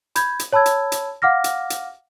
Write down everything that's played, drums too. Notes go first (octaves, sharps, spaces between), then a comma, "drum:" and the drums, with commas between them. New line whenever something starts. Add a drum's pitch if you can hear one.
B5 G6 G#6, drum: hi-hat
drum: hi-hat
C#5 A5 B5 E6 G#6
drum: hi-hat
drum: hi-hat
F5 F#5 D6 F6 A#6
drum: hi-hat
drum: hi-hat